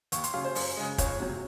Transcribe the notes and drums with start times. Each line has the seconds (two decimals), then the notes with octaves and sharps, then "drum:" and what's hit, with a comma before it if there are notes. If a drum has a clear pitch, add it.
0.12 D#2 C#6, drum: hi-hat
0.24 C6, drum: hi-hat
0.34 C#3 F#3 F5
0.45 C5
0.55 F#2, drum: open hi-hat
0.77 C#3 G#3
0.98 C#2 C#5, drum: kick, hi-hat
1.20 C3 F#3